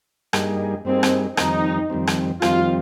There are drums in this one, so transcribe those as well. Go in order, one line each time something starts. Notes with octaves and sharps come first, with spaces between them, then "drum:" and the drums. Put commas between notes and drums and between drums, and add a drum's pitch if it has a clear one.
G2 G3 A#3 D#4 G#4, drum: rim click
G2 G3 A#3 C4 D#4 G#4
drum: rim click
F2 D#3 G3 C4 D#4, drum: rim click
F2 D#3 G3 C4
drum: rim click
F2 D#3 G3 C4 F4, drum: rim click